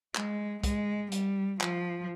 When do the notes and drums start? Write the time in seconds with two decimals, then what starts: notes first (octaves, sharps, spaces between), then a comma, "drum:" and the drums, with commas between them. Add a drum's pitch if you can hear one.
0.16 G#3, drum: clap
0.63 G#3, drum: kick C2, hi-hat
1.12 G3, drum: hi-hat
1.61 F3, drum: clap